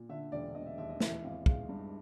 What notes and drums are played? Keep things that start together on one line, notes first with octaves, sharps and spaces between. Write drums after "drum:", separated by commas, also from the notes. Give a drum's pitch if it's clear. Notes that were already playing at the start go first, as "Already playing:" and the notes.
Already playing: A#2
D3 E5
E1 D5
E1 D#5
E5
D#2 E5
D#5
E3 E5, drum: snare
G#1 F5
G#3 F5, drum: kick
G2